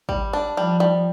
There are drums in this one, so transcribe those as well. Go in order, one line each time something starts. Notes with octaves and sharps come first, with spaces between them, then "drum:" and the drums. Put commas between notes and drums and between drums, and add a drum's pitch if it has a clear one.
G3, drum: kick
D4
F3 G3
G3